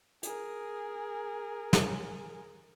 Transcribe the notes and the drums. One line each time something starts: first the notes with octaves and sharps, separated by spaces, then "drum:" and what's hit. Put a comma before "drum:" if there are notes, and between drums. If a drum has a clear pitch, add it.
G#4 A#4, drum: hi-hat
drum: snare